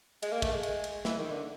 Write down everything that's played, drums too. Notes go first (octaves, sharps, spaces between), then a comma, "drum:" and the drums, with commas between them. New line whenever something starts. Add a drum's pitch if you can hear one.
G#3, drum: cymbal
A#3
A3, drum: kick, cymbal
G#3
drum: cymbal
drum: cymbal
E3, drum: snare
D#3
D3